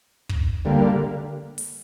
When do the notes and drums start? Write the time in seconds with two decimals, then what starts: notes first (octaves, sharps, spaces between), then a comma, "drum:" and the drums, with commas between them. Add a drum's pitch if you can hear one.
0.29 drum: kick
0.65 D3 G3 A#3
1.58 drum: open hi-hat